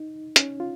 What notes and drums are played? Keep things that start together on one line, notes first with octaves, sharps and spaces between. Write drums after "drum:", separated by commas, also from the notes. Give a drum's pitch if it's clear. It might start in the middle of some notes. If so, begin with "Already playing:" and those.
Already playing: D#4
C#4, drum: hi-hat
F4